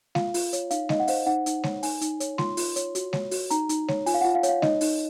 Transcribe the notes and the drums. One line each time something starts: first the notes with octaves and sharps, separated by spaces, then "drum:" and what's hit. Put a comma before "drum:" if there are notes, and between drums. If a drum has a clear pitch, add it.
F4 F5, drum: snare G#3
F4, drum: open hi-hat
C#5, drum: hi-hat
D#4 F5, drum: hi-hat
D#4 D#5, drum: snare G#3
F#5
C5 F5, drum: open hi-hat
D#4 F#5
D#4, drum: hi-hat
C#5, drum: snare G#3
D#4 G#5, drum: open hi-hat
D#4, drum: hi-hat
C#5, drum: hi-hat
F4 C6, drum: snare G#3
F4, drum: open hi-hat
C#5, drum: hi-hat
F#4, drum: hi-hat
C#5, drum: snare G#3
F#4, drum: open hi-hat
D#4 A#5, drum: hi-hat
D#4, drum: hi-hat
C#5, drum: snare G#3
F4 G#5, drum: open hi-hat
F5
F4 F#5
F5
C#5, drum: hi-hat
F5
D#4 D#5, drum: snare G#3
D#4, drum: open hi-hat